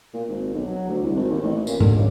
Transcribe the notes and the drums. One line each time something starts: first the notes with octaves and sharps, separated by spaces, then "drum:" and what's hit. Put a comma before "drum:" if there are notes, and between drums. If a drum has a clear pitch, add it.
A#2
G#1
B1
F#3
D2
C2
G#1
D#2
A1
A#2, drum: tambourine
D3, drum: tom G#2
C#2